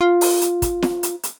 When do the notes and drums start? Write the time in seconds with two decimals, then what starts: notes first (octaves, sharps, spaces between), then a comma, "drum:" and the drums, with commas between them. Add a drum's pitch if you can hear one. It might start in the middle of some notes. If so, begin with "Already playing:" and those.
0.01 F4
0.21 drum: open hi-hat
0.42 drum: hi-hat
0.62 drum: kick, hi-hat
0.82 drum: snare
1.03 drum: hi-hat
1.23 drum: hi-hat